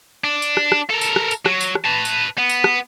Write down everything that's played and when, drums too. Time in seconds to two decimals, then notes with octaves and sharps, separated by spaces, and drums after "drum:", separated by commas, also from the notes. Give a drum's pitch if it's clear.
0.24 D4
0.42 drum: tambourine
0.57 drum: rim click
0.72 drum: rim click
0.90 A4 A#4
1.01 drum: tambourine
1.16 drum: rim click
1.31 drum: tambourine
1.46 F#3, drum: rim click
1.61 drum: tambourine
1.75 drum: rim click
1.85 B4 A5
2.05 drum: tambourine
2.38 B3
2.49 drum: tambourine
2.64 drum: rim click